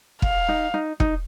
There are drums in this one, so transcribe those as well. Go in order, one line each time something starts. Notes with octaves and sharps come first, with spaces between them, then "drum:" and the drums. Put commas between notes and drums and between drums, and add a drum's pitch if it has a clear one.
F5, drum: kick
D#4
D#4
D#4, drum: kick